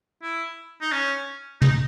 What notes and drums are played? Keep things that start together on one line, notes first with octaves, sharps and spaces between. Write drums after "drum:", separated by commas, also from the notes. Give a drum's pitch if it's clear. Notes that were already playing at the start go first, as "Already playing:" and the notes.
E4
D#4
C#4
D#4, drum: tom